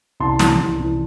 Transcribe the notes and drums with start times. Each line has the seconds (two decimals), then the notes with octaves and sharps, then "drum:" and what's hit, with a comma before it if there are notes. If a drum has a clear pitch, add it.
0.20 C2 A5 C6
0.39 C3 E3, drum: snare
0.59 C2
0.78 C3 E3